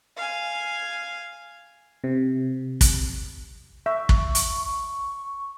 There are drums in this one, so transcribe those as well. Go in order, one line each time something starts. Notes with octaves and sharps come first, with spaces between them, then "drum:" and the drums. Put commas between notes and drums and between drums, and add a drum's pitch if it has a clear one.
F5 G#5
C3
drum: kick, hi-hat
E5 C#6
drum: kick
drum: hi-hat